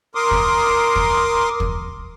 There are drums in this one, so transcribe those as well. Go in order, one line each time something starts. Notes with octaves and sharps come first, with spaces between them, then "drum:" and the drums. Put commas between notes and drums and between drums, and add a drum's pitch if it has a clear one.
A#4 C6 D6 D#6
drum: kick
drum: kick
drum: kick